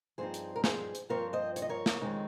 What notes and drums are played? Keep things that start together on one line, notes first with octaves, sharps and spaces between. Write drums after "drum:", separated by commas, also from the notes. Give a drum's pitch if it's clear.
G2 F3 C4 D#4 G#4 C5
drum: hi-hat
A#4
G#4 C5, drum: snare
drum: hi-hat
G2 F3 C4 F4 A#4 C#5
C5 D#5
C#5, drum: hi-hat
D#5
A#4 C#5
drum: snare
F2 D#3 G#3 C4 D#4